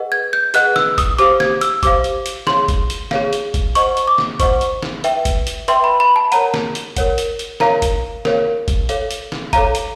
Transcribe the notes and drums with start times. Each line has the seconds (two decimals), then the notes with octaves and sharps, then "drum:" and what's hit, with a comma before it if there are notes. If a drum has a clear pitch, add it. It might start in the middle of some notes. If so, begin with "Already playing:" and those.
Already playing: G#4 B4 D#5 F#5
0.12 G#6
0.33 G6
0.54 G#4 B4 D#5 F#5 F#6, drum: hi-hat
0.76 E6, drum: snare
0.98 D#6, drum: kick, hi-hat
1.19 G4 C5 F5 D6, drum: hi-hat
1.40 G#6, drum: snare
1.61 E6, drum: hi-hat
1.83 G4 C5 F5 D6, drum: kick, hi-hat
2.04 drum: hi-hat
2.26 drum: hi-hat
2.47 G#4 C#5 F5 C6, drum: snare
2.68 drum: kick, hi-hat
2.90 drum: hi-hat
3.11 G#4 C#5 F5, drum: snare
3.33 drum: hi-hat
3.54 drum: kick, hi-hat
3.75 C5 D#5 F#5 C#6, drum: hi-hat
3.97 drum: hi-hat
4.08 D6
4.18 drum: snare
4.40 C5 D#5 F#5 C#6, drum: kick, hi-hat
4.61 drum: hi-hat
4.83 drum: snare
5.04 B4 E5 G5, drum: hi-hat
5.25 drum: kick, hi-hat
5.47 drum: hi-hat
5.68 B4 E5 G5 C6, drum: hi-hat
5.84 B5
6.00 B5
6.16 A5
6.32 A#4 C#5 F#5 A#5, drum: hi-hat
6.54 drum: snare
6.75 drum: hi-hat
6.97 A#4 C#5 F#5, drum: kick, hi-hat
7.18 drum: hi-hat
7.39 drum: hi-hat
7.60 A#4 C#5 F5 A#5, drum: snare
7.82 drum: kick, hi-hat
8.25 A#4 C#5 F5, drum: snare
8.68 drum: kick, hi-hat
8.89 A4 C#5 F5, drum: hi-hat
9.11 drum: hi-hat
9.32 drum: snare
9.53 A4 C#5 F5 A#5, drum: kick, hi-hat
9.75 drum: hi-hat